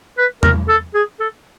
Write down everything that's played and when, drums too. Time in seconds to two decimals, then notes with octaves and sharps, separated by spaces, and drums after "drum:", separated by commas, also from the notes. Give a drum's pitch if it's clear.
0.18 B4
0.43 A#4, drum: tom E2
0.69 A4
0.94 G#4
1.20 A4